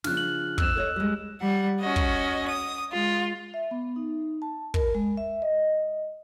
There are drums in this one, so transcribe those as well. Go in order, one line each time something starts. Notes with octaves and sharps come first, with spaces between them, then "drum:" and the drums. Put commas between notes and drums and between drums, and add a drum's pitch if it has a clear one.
C#3 F3 D4 F6 F#6, drum: snare
F#7
F2 C4 E6 F#6 E7, drum: kick
A4 C#5 D#5
G3 G#3
G3 F#5
C#4 F#4 D#5
drum: kick
D#6
G#3 F4
E5
B3
D#4
A5
A#4, drum: kick
G#3
E5
D#5